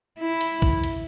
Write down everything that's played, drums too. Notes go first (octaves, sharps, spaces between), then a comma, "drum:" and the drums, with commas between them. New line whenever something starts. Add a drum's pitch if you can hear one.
E4
drum: hi-hat
drum: kick
drum: hi-hat